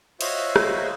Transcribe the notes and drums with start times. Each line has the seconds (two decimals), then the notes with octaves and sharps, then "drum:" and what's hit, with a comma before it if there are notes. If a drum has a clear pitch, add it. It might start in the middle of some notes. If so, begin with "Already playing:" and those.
0.21 F4 F#4 C5 C#5 D#5 E5, drum: cymbal
0.56 drum: rim click